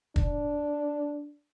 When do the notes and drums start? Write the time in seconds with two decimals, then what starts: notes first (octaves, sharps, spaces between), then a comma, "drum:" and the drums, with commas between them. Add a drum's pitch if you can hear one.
0.16 D4, drum: kick